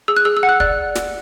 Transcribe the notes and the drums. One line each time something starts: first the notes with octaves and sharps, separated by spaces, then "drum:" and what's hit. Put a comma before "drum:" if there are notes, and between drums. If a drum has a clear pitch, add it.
G#4 E6
F#6
G#4 E6
E6
F#5
F#6
D5 F#6, drum: kick
drum: snare